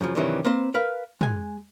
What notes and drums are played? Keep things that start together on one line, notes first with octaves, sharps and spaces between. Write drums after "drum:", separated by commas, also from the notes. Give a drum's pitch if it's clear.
F#2 C#3 F3
G2 C3 D#3 E3 F#3 G3
A#3 C4 B4 C5 C6
A#4 B4 F5
G#3 G#5, drum: tom